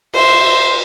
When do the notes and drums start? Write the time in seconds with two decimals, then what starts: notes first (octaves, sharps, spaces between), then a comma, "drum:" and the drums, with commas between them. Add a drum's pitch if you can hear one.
0.14 C5 E5, drum: cymbal